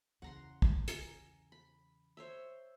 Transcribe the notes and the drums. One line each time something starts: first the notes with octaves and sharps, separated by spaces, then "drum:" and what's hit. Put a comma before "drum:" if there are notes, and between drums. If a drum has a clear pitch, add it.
E2 C#3 F#5 A#5 C6
drum: kick
G#5 A#5, drum: hi-hat
B5
C5 C#5 E5